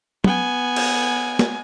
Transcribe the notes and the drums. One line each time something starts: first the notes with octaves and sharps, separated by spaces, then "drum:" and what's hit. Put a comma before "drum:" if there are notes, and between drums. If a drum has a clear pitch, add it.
B3 G#5, drum: tom
drum: cymbal
drum: snare